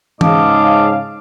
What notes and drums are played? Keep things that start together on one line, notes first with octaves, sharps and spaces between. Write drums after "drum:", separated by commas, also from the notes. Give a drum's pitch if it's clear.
G#2 C#3 D#5 F5 A5 D6, drum: tom E3